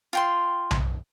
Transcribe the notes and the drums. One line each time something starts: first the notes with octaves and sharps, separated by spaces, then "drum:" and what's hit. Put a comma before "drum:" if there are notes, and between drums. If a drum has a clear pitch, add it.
F4 G5 C6
drum: tom B1